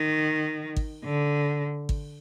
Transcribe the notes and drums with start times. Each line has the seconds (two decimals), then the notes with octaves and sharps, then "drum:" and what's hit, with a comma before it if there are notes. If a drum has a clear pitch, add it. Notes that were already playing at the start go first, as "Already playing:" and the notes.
Already playing: D#3
0.76 drum: kick G#1
1.04 D3
1.89 drum: kick G#1